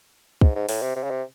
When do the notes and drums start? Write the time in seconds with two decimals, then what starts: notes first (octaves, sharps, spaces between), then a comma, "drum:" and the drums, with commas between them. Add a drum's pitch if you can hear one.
0.41 G#2, drum: kick
0.55 G#2
0.69 A2, drum: open hi-hat
0.82 C3
0.96 C3
1.03 C#3
1.11 C3